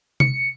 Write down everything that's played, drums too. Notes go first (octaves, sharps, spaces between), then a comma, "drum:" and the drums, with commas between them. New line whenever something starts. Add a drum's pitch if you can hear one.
C#7, drum: tom C3